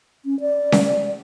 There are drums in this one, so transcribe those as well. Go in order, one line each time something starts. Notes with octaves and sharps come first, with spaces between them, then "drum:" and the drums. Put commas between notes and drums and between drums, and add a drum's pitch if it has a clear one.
C#4
D5
drum: snare C#4